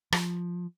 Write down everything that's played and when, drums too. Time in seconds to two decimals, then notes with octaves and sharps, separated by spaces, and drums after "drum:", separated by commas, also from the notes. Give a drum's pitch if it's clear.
0.12 F3, drum: rim click